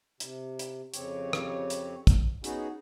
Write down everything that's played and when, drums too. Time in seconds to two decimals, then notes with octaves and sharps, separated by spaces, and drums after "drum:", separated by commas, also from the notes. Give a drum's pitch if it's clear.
0.20 C3, drum: hi-hat
0.59 drum: hi-hat
0.94 F2 C#3 C4 G4 C#5, drum: hi-hat
1.33 drum: rim click
1.70 drum: hi-hat
2.07 drum: kick, hi-hat
2.44 B3 C#4 D#4 F#4 G#4, drum: hi-hat